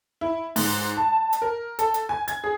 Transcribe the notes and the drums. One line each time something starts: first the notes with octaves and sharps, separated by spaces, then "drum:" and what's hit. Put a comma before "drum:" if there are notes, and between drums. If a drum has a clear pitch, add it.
E4
G#2, drum: open hi-hat
A5
drum: hi-hat
A#4
A4, drum: hi-hat
drum: hi-hat
G#5
G#6, drum: hi-hat
G#4